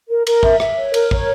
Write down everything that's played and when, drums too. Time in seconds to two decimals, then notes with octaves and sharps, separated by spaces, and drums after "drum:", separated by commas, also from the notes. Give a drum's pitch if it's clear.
0.09 A#4
0.27 A#4, drum: cymbal
0.43 E5, drum: kick A1
0.60 E5, drum: rim click
0.77 C#5
0.94 A#4, drum: cymbal
1.11 C#5, drum: kick A1